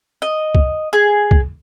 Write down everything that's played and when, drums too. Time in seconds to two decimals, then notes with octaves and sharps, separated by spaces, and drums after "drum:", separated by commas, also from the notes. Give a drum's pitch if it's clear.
0.22 D#5
0.55 drum: kick
0.93 G#4
1.31 drum: kick